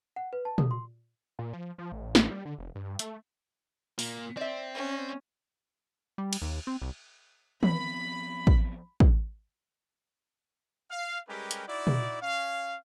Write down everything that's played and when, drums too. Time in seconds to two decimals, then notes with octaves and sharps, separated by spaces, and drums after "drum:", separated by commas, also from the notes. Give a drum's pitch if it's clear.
0.16 F#5
0.33 B4
0.45 A5
0.58 D#6, drum: tom
0.71 C6
1.39 A#2
1.53 F3
1.78 F3
1.92 A1
2.15 drum: snare
2.31 G3
2.45 D3
2.58 F1
2.75 G2
2.99 A3, drum: hi-hat
3.99 A#2 A#3, drum: open hi-hat
4.37 C4 D5 E5
4.74 C#4
6.18 G3
6.33 drum: cymbal
6.42 D#2
6.67 C4
6.82 C2
7.63 F3 B3 C4 B5, drum: tom
8.47 drum: kick
9.00 drum: kick
10.90 F5
11.28 G3 G#3 C#4 G4 A#4 B4
11.51 drum: hi-hat
11.68 D#4 E4 F#4 D5
11.87 drum: tom
12.22 C#4 F5